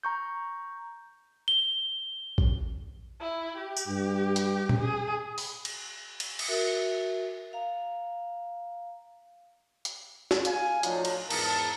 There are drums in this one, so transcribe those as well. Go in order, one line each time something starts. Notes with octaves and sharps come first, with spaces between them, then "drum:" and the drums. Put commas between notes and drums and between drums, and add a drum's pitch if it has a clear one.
A#5 C#6 G6
G7
drum: kick A1
E4
G4
drum: tambourine
G2
drum: hi-hat
drum: tom A#2
G#4
drum: open hi-hat
drum: cymbal
drum: cymbal
drum: cymbal
F#4 A#4 E5
F5 A#5
drum: hi-hat
drum: snare
F5 G#5, drum: hi-hat
A2 F3 F#3 D4 D#4 F4, drum: hi-hat
drum: cymbal
E2 G#2 A#4 A5, drum: cymbal